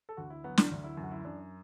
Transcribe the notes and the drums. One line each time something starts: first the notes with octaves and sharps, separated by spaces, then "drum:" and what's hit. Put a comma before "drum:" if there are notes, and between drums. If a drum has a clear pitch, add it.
A4
D2 F#4
E4
F#3 B3
D4, drum: snare
D2 D4
E4
F#2
F#4
E4
F#2 D4